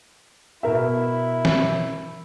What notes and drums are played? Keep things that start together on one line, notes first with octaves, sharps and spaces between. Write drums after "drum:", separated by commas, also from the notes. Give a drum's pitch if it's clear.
B2 E4 A#4 E5
drum: snare